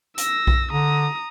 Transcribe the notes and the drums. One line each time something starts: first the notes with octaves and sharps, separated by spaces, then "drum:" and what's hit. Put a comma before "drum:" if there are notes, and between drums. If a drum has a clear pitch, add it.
E6 A#6, drum: hi-hat
drum: kick B1
D3 A#5 D#6